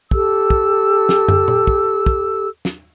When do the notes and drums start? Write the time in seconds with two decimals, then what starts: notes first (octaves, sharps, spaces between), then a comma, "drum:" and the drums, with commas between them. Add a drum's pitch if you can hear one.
0.11 G4 A4 E6, drum: kick
0.50 drum: kick
1.09 drum: snare
1.28 drum: tom
1.48 drum: tom A#2
1.67 drum: kick
2.06 drum: kick
2.65 drum: snare